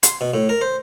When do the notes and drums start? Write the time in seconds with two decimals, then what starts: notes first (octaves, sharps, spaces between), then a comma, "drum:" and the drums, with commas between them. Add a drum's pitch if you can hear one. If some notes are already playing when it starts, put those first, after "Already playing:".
0.03 C6, drum: hi-hat
0.21 B2
0.34 A2
0.49 A#4
0.61 C5